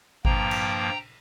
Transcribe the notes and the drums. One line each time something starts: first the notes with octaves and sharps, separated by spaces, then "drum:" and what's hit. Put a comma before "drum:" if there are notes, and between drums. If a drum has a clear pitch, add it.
G2 F3 A#3 G5 A#5, drum: kick G#1
drum: cymbal